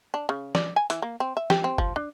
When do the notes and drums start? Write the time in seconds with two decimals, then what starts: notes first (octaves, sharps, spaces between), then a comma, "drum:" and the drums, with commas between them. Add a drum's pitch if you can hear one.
0.14 D4
0.29 C#3
0.55 D5, drum: snare
0.76 G#5
0.90 E3, drum: hi-hat
1.02 A#3
1.20 C4
1.37 E5
1.50 G4, drum: snare
1.64 C4
1.78 F3, drum: kick
1.96 D4